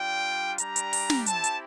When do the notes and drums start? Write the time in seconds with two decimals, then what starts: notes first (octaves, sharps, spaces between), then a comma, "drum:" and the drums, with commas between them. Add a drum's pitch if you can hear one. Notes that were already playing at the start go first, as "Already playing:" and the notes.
Already playing: G3 D4 F4 G5
0.58 G3 D4 G4 A#5, drum: hi-hat
0.76 drum: hi-hat
0.93 drum: open hi-hat
1.10 drum: snare
1.26 C4 E4 G4 A5, drum: hi-hat
1.44 drum: hi-hat